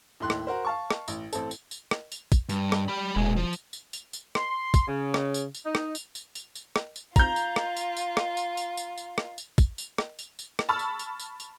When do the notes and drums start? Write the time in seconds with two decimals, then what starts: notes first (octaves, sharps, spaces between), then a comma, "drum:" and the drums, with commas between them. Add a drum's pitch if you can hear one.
0.20 D#2 A2 C6 F#6
0.30 drum: rim click
0.47 F#4 A#4 C5
0.65 F5 A5 C#6
0.90 drum: rim click
1.08 A1, drum: tambourine
1.33 A1 C4 A4, drum: tambourine
1.51 drum: tambourine
1.71 drum: tambourine
1.91 drum: rim click
2.12 drum: tambourine
2.32 drum: kick, tambourine
2.49 G2, drum: tambourine
2.72 drum: rim click
2.88 G4 B5
3.16 E1 A#2 G#3
3.37 F3
3.53 drum: tambourine
3.73 drum: tambourine
3.93 drum: tambourine
4.13 drum: tambourine
4.35 C6, drum: rim click
4.74 drum: kick, tambourine
4.87 C#3
5.14 drum: rim click
5.34 drum: tambourine
5.55 drum: tambourine
5.64 D#4
5.75 drum: rim click
5.95 drum: tambourine
6.15 drum: tambourine
6.35 drum: tambourine
6.55 drum: tambourine
6.76 drum: rim click
6.96 drum: tambourine
7.16 F4 A#5 G6, drum: kick, tambourine
7.36 drum: tambourine
7.56 drum: rim click
7.76 drum: tambourine
7.97 drum: tambourine
8.17 drum: rim click
8.37 drum: tambourine
8.57 drum: tambourine
8.77 drum: tambourine
8.98 drum: tambourine
9.18 drum: rim click
9.38 drum: tambourine
9.58 drum: kick, tambourine
9.78 drum: tambourine
9.98 drum: rim click
10.19 drum: tambourine
10.39 drum: tambourine
10.59 drum: rim click
10.69 A5 B5 C#6 E6 F6
10.79 drum: tambourine
10.99 drum: tambourine
11.19 drum: tambourine
11.40 drum: tambourine